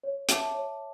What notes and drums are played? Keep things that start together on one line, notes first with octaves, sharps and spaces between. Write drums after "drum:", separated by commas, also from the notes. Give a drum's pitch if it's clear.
C#5
E5 A5 D6, drum: hi-hat
C#5